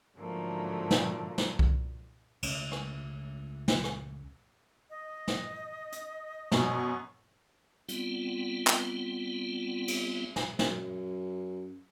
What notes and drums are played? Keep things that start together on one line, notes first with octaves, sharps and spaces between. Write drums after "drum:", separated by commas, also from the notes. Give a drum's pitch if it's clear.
G#2 D3 F3 F#3 A3 A#3
drum: snare
drum: snare
drum: kick C2
C#2 A3 C#4, drum: cymbal
drum: rim click
drum: snare
drum: rim click
D#5
drum: snare
drum: hi-hat
F#2 B2 G#5 C#6, drum: snare
G3 B3 C4 F4, drum: hi-hat
drum: clap
drum: cymbal
drum: snare
F#2, drum: snare